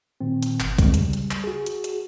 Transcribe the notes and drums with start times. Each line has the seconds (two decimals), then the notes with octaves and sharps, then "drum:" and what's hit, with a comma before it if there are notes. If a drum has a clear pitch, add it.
0.21 A#2 D#3 C4
0.42 drum: hi-hat
0.60 G1, drum: clap
0.79 D3 G#3 C4, drum: kick, hi-hat
0.94 C#3 G3, drum: hi-hat
1.13 drum: hi-hat
1.31 drum: clap
1.44 F#4 G#4
1.66 drum: hi-hat
1.84 drum: hi-hat